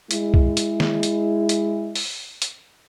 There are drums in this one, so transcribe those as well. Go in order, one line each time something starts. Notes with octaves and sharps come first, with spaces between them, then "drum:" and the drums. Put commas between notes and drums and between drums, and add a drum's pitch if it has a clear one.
G#3 E4, drum: hi-hat
drum: kick C2
drum: hi-hat
drum: snare
drum: hi-hat
drum: hi-hat
drum: open hi-hat
drum: hi-hat